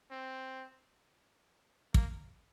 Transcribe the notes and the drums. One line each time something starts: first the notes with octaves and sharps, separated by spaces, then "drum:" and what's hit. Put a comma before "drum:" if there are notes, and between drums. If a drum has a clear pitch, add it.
C4
A#3, drum: kick